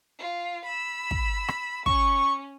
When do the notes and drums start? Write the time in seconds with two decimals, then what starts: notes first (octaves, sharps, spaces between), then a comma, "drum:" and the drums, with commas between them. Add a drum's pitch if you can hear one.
0.20 F4
0.66 B5 E6
1.11 drum: kick
1.48 drum: rim click
1.86 C#4 C#6, drum: kick